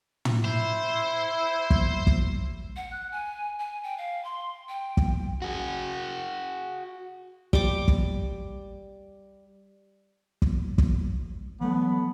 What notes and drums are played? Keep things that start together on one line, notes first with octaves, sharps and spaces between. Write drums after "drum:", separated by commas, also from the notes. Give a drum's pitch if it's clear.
drum: tom
E4 C5
drum: kick
drum: kick
F#5
F#6
G#5
G#5
G5
F5
C6
G5
drum: kick
F#4 G#4
G3 D6, drum: kick
drum: kick
drum: kick
drum: kick
E3 F#3 A3 B3